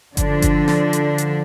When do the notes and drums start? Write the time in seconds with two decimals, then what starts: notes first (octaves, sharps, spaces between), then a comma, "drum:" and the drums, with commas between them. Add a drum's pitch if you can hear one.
0.17 D3 F3 D4, drum: kick G1, hi-hat
0.42 drum: kick G1, hi-hat
0.68 drum: snare
0.93 drum: hi-hat
1.18 drum: hi-hat